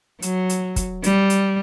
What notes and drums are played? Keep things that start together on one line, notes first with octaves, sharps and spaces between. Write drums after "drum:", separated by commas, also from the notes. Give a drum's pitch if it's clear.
F#3, drum: hi-hat
drum: hi-hat
drum: kick, hi-hat
G3, drum: hi-hat
drum: hi-hat